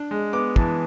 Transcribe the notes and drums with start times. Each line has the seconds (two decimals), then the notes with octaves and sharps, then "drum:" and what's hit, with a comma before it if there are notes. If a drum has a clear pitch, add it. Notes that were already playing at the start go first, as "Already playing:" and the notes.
Already playing: D4
0.11 G#3
0.33 B3 D6
0.56 E3 A5, drum: kick